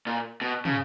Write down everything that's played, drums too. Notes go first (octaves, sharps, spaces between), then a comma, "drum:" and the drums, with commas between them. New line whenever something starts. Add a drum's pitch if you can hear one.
A#2
B2
C#3, drum: tom